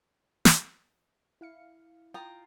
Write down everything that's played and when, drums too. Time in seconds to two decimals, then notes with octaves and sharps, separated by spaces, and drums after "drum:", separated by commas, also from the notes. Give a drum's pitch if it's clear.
0.45 drum: snare
1.41 E4 F5 C#7
2.14 F4 G5 A#5 D#6